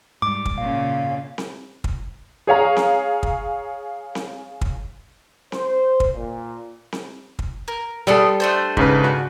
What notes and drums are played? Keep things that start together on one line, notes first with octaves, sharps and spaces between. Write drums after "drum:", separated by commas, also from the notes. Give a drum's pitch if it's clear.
G#2 G3 D6
drum: kick
A#2 C#3 F5
drum: snare C4
drum: kick
G#4 C#5 F5 A#5
drum: snare C4
drum: kick
drum: snare C4
drum: kick
C5, drum: snare C4
drum: kick
A#2
drum: snare C4
drum: kick
A#4
G3 A3 B3 A4 C6
A3 D4 C5
G#2 C#3 B4, drum: kick
F#4